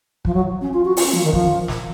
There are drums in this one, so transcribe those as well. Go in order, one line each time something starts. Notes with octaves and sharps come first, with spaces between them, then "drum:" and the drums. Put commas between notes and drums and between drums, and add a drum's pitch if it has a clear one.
F3, drum: kick
F#3
C#4
F4
F#4
F4, drum: open hi-hat
C#4
F3
D#3
F3, drum: kick
drum: snare